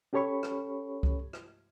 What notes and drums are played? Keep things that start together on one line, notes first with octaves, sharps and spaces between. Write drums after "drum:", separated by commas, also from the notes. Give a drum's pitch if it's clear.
C#4 G4 A4 C#5 B5 C#6
drum: rim click
drum: kick C2
drum: rim click